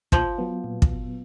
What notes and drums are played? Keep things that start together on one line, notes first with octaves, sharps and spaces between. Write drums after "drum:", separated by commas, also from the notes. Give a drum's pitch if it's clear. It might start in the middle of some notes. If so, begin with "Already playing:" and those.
A#2 F3, drum: kick
F#3 B3
A#2
drum: kick